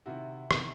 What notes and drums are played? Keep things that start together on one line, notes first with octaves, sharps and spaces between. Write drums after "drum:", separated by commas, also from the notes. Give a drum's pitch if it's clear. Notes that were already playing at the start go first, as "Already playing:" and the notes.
C3 D#3 E4 F#4
C3 D#3, drum: rim click